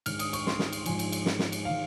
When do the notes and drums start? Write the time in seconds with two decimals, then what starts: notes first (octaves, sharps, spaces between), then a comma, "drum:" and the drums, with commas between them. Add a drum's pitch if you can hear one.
0.06 G#2 D#3 F6, drum: cymbal
0.19 D#6, drum: cymbal
0.33 C#6, drum: cymbal
0.47 C6, drum: snare
0.59 drum: snare
0.73 drum: cymbal
0.86 G#2 F3 G#5, drum: cymbal
0.99 drum: cymbal
1.12 drum: cymbal
1.26 drum: snare
1.39 drum: snare
1.52 drum: cymbal
1.65 D#3 F5